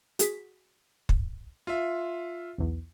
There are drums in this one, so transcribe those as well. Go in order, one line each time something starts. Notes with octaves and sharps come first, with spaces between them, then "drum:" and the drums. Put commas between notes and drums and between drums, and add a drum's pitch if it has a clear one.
F#4 G#4 B6, drum: hi-hat
drum: kick
F4 E5
B1 E2